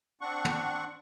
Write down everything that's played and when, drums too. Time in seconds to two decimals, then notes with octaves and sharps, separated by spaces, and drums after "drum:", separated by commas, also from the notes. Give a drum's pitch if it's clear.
0.21 C4 D4 F#5 C#6
0.45 drum: tom